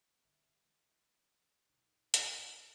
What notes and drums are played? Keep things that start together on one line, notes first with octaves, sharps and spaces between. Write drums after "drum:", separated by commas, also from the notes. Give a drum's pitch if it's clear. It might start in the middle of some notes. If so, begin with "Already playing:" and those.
G1 G#2 B2 D#5 E5
D#3 G#3
B1 B2 D#3 D#4
drum: hi-hat